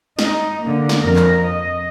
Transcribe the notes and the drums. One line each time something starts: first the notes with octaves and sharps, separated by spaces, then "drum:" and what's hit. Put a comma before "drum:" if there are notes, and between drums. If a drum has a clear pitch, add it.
D#4, drum: snare
D3 A#3
drum: snare
F2 A#4
drum: clap
D#5